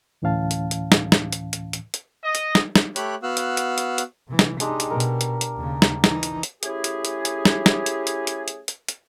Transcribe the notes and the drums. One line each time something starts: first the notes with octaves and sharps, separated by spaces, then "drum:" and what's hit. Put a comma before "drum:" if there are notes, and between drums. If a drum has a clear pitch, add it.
D2 A2 E3 C#4 F5 A5
drum: hi-hat
drum: hi-hat
drum: snare
drum: snare
drum: hi-hat
drum: hi-hat
drum: hi-hat
drum: hi-hat
D#5
drum: hi-hat
drum: snare
drum: snare
A3 G4 C#5 B5 F#6, drum: hi-hat
B3 F#4 F5 E6 F#6
drum: hi-hat
drum: hi-hat
drum: hi-hat
drum: hi-hat
C3 E3
drum: snare
G#3 D4 D#4 G4, drum: hi-hat
drum: hi-hat
B2 A#4
drum: hi-hat
drum: hi-hat
drum: hi-hat
D#2 C#3
drum: snare
E3 D#4, drum: snare
drum: hi-hat
drum: hi-hat
A3 C#4 E4 G4 G#4, drum: hi-hat
drum: hi-hat
drum: hi-hat
drum: hi-hat
drum: snare
drum: snare
drum: hi-hat
drum: hi-hat
drum: hi-hat
drum: hi-hat
drum: hi-hat
drum: hi-hat